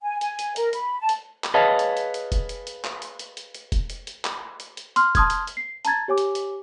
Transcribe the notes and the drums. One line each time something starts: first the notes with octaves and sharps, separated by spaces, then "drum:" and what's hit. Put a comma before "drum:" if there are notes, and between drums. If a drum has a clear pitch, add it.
G#5
G#5, drum: hi-hat
drum: hi-hat
A#4, drum: hi-hat
B5, drum: hi-hat
A5
drum: hi-hat
drum: clap
G#4 B4 C#5 D#5 F5 A5
drum: hi-hat
drum: hi-hat
drum: hi-hat
drum: kick F1, hi-hat
drum: hi-hat
drum: hi-hat
drum: clap
drum: hi-hat
drum: hi-hat
drum: hi-hat
drum: hi-hat
drum: kick F1, hi-hat
drum: hi-hat
drum: hi-hat
drum: clap
drum: hi-hat
drum: hi-hat
C6 F6, drum: hi-hat
A5 C6 D#6 F6 G#6, drum: kick F1, hi-hat
drum: hi-hat
drum: hi-hat
C7
A5 A#5 G#6 A6, drum: hi-hat
G4 C#5 G#5 D6
drum: hi-hat
drum: hi-hat